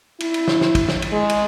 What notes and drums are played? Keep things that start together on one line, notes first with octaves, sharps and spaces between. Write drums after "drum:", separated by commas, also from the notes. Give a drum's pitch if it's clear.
E4, drum: cymbal
drum: cymbal
drum: snare
drum: snare
drum: kick, cymbal
drum: snare
drum: cymbal
G#3
drum: cymbal